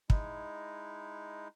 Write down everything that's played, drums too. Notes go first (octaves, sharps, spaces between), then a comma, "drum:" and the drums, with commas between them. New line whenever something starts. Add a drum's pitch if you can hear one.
G#3 D#4 E4, drum: kick